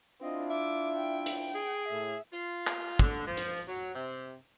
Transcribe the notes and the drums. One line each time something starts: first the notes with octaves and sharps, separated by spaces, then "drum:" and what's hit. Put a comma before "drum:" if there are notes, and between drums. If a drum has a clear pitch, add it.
C4 D4 E4 F4 D#5
E5 D6
G5
drum: hi-hat
G#4
A2 E5
F4
drum: clap
D3, drum: kick
F3
drum: hi-hat
F#3
C3